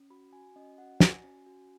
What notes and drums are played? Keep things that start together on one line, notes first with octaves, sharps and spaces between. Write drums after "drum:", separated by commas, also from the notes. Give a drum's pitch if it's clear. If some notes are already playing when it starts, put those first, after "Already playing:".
Already playing: C#4
F#4 B5
F#4 G#5
C#4 D#5
F#4 F#5
F#4 G#5, drum: snare
C#4
F#4